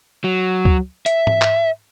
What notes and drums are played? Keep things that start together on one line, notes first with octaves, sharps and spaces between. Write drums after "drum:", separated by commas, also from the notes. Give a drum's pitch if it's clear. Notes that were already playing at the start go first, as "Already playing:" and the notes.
F#3
drum: kick C#2
E5, drum: hi-hat
drum: tom G#2
drum: clap